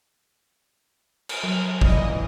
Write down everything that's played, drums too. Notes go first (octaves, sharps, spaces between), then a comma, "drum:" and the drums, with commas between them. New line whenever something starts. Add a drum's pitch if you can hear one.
drum: cymbal
F#3
A#2 E3 D#5, drum: kick